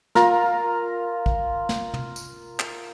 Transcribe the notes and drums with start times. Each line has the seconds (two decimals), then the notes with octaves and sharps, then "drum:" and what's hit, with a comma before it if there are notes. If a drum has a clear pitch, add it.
0.15 F4 A#4 A#5, drum: snare
1.26 drum: kick
1.69 drum: snare
1.94 drum: tom
2.16 drum: tambourine
2.59 drum: clap